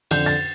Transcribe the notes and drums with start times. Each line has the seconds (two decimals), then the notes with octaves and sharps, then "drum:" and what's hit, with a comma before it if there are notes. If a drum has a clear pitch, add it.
0.11 F2 D3 G6, drum: cymbal
0.26 A6